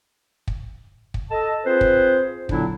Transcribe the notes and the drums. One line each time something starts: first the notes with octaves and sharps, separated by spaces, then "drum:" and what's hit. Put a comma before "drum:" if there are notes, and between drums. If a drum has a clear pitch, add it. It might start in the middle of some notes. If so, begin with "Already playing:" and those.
drum: kick
drum: kick
A4 D#5 A5
C4 F4 G#4 B4 C5
drum: kick
A#2 D3 F#3 B3 D4 E4, drum: kick